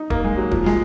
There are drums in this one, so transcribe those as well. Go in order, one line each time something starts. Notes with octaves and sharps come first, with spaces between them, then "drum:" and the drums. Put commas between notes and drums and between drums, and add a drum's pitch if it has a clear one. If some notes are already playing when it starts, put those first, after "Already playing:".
Already playing: D#4
A#3, drum: kick D1
G#3
F#3
F3, drum: kick D1
G#3, drum: snare